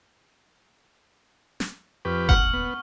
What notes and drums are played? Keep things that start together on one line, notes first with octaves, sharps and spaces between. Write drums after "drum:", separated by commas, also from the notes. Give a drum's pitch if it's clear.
drum: snare
F2 G4 B4 C#6 F6
D#1 A#2 F#5 F6, drum: kick G1
B3